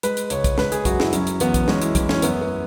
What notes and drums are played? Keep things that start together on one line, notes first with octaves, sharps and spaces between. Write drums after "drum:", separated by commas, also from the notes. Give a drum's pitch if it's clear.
G#3 B4, drum: hi-hat
drum: hi-hat
C#2 C#5, drum: hi-hat
drum: kick, hi-hat
G#3 B4, drum: snare
G#4, drum: hi-hat
F#2 F#4, drum: kick, hi-hat
E4, drum: snare
F#3 C#4, drum: hi-hat
drum: hi-hat
E2 B3, drum: hi-hat
drum: kick, hi-hat
G#3 C#4, drum: snare
E4, drum: hi-hat
E2 E4, drum: kick, hi-hat
C#4, drum: snare
F#2 B3, drum: hi-hat
B3